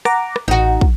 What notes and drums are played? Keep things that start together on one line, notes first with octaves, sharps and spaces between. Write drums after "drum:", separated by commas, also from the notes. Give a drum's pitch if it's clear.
F#5 A#5 D6, drum: rim click
drum: rim click
A1 D#4 F#4
drum: kick